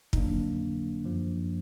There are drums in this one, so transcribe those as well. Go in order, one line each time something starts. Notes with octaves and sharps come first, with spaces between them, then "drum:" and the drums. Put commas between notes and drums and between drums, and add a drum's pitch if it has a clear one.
D#4, drum: kick
F2 D3 F#3 A#3 D4
F#2 F3